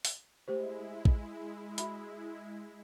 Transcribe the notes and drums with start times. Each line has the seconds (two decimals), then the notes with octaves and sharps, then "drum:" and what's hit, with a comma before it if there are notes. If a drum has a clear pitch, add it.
0.05 drum: open hi-hat
0.48 G#3 A3 E4 G4 C5
1.05 drum: kick
1.78 F#4 E5 B5, drum: hi-hat